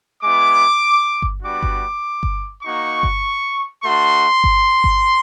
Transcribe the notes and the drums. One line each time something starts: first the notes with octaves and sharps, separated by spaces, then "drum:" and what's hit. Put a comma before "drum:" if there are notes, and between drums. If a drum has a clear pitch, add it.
G#3 B3 E4 D6
drum: kick G1
G3 B3 D4 F#4 D6
drum: kick G1
drum: kick G1
A#3 D#4 F#4 C#6
drum: kick G1
A3 D4 F#4 C6
drum: kick G1
drum: kick G1